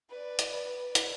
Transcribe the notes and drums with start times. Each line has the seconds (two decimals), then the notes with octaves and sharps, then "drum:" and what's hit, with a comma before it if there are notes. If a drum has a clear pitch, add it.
0.11 B4 D5
0.39 drum: hi-hat
0.95 drum: hi-hat